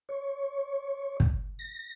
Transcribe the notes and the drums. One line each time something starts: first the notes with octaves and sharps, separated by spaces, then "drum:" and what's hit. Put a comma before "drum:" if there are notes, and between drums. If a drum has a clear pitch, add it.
C#5
drum: kick
A#6